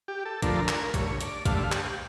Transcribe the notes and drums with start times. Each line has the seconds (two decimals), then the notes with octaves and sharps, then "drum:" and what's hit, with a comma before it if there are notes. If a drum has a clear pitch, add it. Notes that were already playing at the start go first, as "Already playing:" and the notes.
0.08 G4
0.25 A4
0.42 D3 F3 A3 D4 A#4, drum: kick, hi-hat
0.68 drum: clap
0.83 A#4
0.94 G2 D3 A3 C#5, drum: kick, hi-hat
1.21 D5, drum: hi-hat
1.45 G2 D3 A3 F5, drum: kick, hi-hat
1.63 F5
1.72 G4, drum: clap